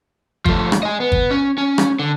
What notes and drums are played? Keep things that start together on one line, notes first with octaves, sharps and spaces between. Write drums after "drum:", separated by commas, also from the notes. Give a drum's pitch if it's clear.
F3 A3, drum: kick
drum: rim click
D#5 G#5
B3
drum: kick
C#4
C#4
drum: rim click
D3